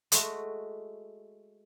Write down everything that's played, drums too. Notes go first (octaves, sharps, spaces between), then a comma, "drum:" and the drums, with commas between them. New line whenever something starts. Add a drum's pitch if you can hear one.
G#3 A3 F#4, drum: hi-hat